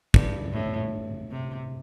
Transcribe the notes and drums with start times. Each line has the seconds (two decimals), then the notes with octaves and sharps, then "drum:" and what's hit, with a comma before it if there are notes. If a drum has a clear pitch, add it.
0.14 G2, drum: kick
0.53 A2
1.31 C3